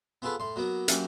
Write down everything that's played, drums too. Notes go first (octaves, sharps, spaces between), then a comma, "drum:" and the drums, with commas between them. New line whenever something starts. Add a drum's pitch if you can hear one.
B3 F4 G#4 A4 B4
A2 C6
F#3 A#3 B3
E3 F#3 A#3 C#4 G4 A#4, drum: hi-hat